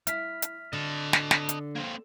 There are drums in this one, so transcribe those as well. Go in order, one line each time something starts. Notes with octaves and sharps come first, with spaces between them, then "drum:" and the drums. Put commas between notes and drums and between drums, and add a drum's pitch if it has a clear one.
E4 F6 B6, drum: hi-hat
drum: hi-hat
D3 D#5 A5
drum: snare
drum: snare
drum: hi-hat
A#3 C4